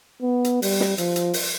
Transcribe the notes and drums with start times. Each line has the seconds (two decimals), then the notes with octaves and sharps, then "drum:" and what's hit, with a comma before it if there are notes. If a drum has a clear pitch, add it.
0.22 B3
0.44 drum: hi-hat
0.62 G3, drum: open hi-hat
0.80 drum: snare
0.98 F3, drum: hi-hat
1.16 drum: hi-hat
1.33 drum: open hi-hat